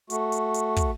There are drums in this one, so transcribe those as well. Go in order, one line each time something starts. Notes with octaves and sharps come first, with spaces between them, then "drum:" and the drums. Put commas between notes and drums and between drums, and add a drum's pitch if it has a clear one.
A3 F#4, drum: hi-hat
drum: hi-hat
drum: hi-hat
drum: kick, hi-hat